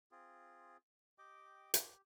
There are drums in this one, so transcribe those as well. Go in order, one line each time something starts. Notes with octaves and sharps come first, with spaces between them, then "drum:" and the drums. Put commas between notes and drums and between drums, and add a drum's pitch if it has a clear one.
C4 F4 G#4
G4 D#5 G5 D6
G4, drum: hi-hat